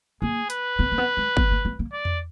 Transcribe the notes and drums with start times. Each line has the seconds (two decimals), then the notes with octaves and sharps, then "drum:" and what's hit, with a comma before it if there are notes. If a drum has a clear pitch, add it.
0.22 A#3 G#4
0.50 B4, drum: hi-hat
0.79 B3
0.92 A#3
0.98 B3
1.17 G#3
1.37 B3, drum: kick G1
1.51 A#3
1.65 A#3
1.79 A#3
1.93 D5
2.05 drum: tom E2